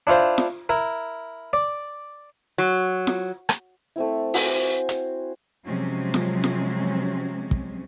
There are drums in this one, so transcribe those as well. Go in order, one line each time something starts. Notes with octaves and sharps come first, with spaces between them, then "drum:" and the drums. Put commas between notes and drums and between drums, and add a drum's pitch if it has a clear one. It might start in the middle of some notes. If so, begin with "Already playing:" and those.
D4 E4 F4 C5
drum: snare
E4 A#4
D5
F#3
drum: snare
drum: rim click
A3 C4 E4
F#4 C5 G#5, drum: open hi-hat
drum: hi-hat
C3 F3 F#3 G#3 C4 C#4
drum: snare
drum: snare
drum: kick